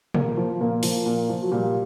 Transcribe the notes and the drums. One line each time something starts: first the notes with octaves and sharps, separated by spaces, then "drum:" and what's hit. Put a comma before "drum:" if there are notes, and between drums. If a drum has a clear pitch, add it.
A#2 A#3, drum: tom
F3
A#2 A#3
F3, drum: open hi-hat
A#2
F3
F#3
A#2 G3